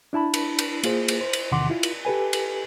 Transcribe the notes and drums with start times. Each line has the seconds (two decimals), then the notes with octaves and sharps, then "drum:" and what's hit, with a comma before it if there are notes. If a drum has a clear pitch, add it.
0.13 D4 E4 A5 B5
0.34 drum: cymbal
0.59 drum: cymbal
0.83 A#3 F4 G#4 C5, drum: cymbal
1.08 drum: cymbal
1.21 C5
1.33 drum: cymbal
1.51 E2 C3 D#3 F#5 C6 D6
1.70 E4 F4
1.83 drum: cymbal
2.05 G4 A4 B4 G#5
2.33 drum: cymbal